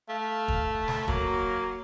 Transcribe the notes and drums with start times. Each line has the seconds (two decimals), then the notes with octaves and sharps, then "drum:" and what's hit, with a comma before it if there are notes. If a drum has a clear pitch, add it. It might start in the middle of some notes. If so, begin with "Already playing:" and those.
0.09 A3 F5
0.48 drum: kick
0.88 drum: snare
1.08 F#3 A#3, drum: kick